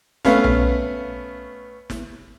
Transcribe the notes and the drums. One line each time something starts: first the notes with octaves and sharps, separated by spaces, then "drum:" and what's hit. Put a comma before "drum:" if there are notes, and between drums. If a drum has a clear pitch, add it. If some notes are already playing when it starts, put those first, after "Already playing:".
A3 B3 C#4 F5, drum: snare
drum: tom B1
drum: snare